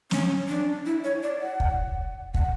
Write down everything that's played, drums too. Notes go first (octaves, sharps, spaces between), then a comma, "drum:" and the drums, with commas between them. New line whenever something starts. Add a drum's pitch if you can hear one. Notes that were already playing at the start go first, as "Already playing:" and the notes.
C#4, drum: snare
D4
E4
C#5
D5
F#5
drum: kick
F#5, drum: kick